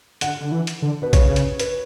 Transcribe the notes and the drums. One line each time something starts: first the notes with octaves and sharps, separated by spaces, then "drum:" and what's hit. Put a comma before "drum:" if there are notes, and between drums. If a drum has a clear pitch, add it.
D3 F#5, drum: hi-hat
D3
E3
drum: hi-hat
D3
B2 B4
C#3 C#5, drum: kick A#1, hi-hat
drum: hi-hat
B4, drum: hi-hat